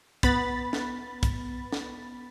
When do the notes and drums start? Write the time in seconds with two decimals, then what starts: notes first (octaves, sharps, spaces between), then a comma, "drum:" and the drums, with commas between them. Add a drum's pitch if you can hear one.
0.23 B3 B5 A6, drum: kick, hi-hat
0.73 drum: snare
1.23 drum: kick, hi-hat
1.72 drum: snare